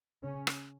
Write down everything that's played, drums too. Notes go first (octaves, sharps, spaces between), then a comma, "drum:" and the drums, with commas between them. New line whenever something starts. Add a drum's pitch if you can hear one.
C#3 C#4
drum: rim click